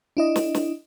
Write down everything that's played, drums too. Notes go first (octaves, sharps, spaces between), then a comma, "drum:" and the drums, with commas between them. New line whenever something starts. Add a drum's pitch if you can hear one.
D4 E4 D#5
drum: snare
drum: snare